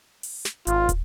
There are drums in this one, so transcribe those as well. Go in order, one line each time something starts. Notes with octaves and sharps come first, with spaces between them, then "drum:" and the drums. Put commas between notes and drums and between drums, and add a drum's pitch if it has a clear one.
drum: open hi-hat
drum: snare
G#1 F4, drum: hi-hat
drum: kick, hi-hat